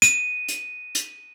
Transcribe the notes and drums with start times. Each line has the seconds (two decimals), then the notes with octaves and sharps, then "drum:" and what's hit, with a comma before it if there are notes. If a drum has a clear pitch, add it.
0.02 D#7, drum: hi-hat
0.48 drum: hi-hat
0.95 drum: hi-hat